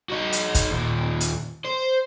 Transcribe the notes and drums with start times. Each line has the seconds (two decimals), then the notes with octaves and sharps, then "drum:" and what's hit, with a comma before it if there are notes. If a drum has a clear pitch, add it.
0.10 D#4 F#4
0.33 drum: hi-hat
0.55 drum: kick, hi-hat
0.71 D#2 A#2
1.21 drum: hi-hat
1.64 C5